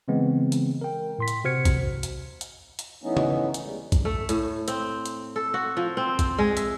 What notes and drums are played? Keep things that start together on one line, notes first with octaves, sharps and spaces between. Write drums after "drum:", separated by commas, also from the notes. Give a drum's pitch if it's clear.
C#3 E3 G#3 B3 C4
drum: hi-hat
A#4 G5
A2 C6 B6
drum: hi-hat
C3 F#4 C5 F6 G#6 C#7
drum: kick, hi-hat
drum: hi-hat
drum: hi-hat
drum: hi-hat
E3 A3 B3 C#4 D#4
drum: tom
drum: hi-hat
E2 G3 G#3
drum: kick, hi-hat
A3
A2, drum: hi-hat
C4, drum: hi-hat
drum: hi-hat
A4
F#4
F3
C4
drum: kick, hi-hat
G#3
E5, drum: hi-hat